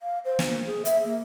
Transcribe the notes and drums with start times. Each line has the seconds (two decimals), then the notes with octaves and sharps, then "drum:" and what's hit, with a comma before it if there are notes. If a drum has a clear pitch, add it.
0.02 F5
0.25 C5
0.39 drum: snare
0.49 A#3
0.66 G#4
0.85 E5, drum: hi-hat
1.05 A#3